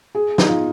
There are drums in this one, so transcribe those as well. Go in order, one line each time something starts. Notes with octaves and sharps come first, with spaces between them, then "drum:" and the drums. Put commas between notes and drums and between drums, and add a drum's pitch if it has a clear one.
G#4
D#4, drum: snare
F4